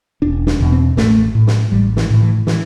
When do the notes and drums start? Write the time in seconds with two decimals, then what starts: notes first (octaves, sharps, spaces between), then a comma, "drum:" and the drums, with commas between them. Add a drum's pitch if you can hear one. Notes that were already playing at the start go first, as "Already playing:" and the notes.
0.22 E1 D4
0.47 D4, drum: snare
0.60 E2 B2
0.72 C4
0.97 A1 A3, drum: snare
1.35 A2
1.47 drum: snare
1.72 A1 G3
1.97 E3, drum: snare
2.10 A2
2.22 E3
2.47 E3, drum: snare